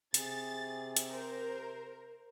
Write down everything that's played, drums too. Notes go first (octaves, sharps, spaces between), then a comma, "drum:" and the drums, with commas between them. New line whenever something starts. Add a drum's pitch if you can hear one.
C3 G#4 A6, drum: hi-hat
drum: hi-hat
A#4 C5